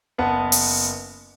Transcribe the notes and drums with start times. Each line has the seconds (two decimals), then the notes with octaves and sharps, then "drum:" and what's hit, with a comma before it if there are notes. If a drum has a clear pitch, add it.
0.18 F#1 B3 B4 F#5 A5
0.52 drum: open hi-hat